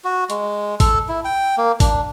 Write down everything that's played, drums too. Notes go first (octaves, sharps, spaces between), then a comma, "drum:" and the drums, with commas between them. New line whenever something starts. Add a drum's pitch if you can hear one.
F#4
G#3, drum: hi-hat
A4, drum: kick, open hi-hat
E4
G5
A#3
D4, drum: kick, open hi-hat